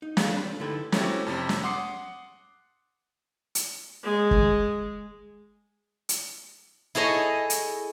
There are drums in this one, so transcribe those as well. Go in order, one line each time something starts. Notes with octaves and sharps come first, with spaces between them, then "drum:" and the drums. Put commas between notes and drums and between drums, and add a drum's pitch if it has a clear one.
D#4
F4 G#4 A4 C#5 F5, drum: snare
E3 G3 A3 C4 D4
A3
D3 D#4 E4 G4 A4 B4
F#3 A3 C4 C#4 E4 G4, drum: snare
F2 C3 C#4
drum: snare
F#5 C6 D6 D#6 C7 C#7
drum: hi-hat
G#3
drum: kick
drum: hi-hat
E4 G#4 A4 C#5 D#5
drum: hi-hat